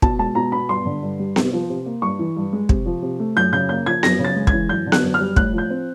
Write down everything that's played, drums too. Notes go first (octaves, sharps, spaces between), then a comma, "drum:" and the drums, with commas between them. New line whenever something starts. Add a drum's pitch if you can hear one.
B2 A5, drum: kick
G#3 A5
B2 A#5
B3 B5
G2 C6
D3
G2
G3
C3, drum: snare B3
F3
C3
A#3
G2 C#6
E3
G2
G#3
C3, drum: kick
F3
C3
A3
F#2 G6
C#3 G6
A#3 G6
F3 G#6
F#2 A#6, drum: snare B3
C#3
A6
G#3
G#6, drum: kick
E3
F#2 G6
D3
F#6, drum: snare B3
F#2
F6
G3
A2 F#6, drum: kick
F3
G6
C4